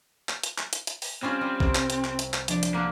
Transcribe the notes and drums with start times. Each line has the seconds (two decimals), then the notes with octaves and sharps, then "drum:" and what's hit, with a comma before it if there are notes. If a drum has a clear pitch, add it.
0.29 drum: clap
0.43 drum: hi-hat
0.58 drum: clap
0.73 drum: hi-hat
0.87 drum: hi-hat
1.02 drum: open hi-hat
1.23 G3 C4 C#4 F4
1.41 G3
1.60 C2 C3, drum: kick
1.75 drum: clap
1.90 drum: hi-hat
2.04 drum: clap
2.19 drum: hi-hat
2.34 drum: clap
2.48 F3 D4 D5, drum: hi-hat
2.63 drum: hi-hat
2.74 D3 A#3 F#6